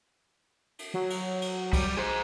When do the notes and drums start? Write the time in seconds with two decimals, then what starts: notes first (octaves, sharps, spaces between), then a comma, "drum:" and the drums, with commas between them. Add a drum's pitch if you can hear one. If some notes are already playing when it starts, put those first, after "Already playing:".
0.79 drum: cymbal
0.94 F#3
1.10 drum: cymbal
1.42 drum: cymbal
1.73 G3, drum: kick, cymbal
1.97 G#4 C5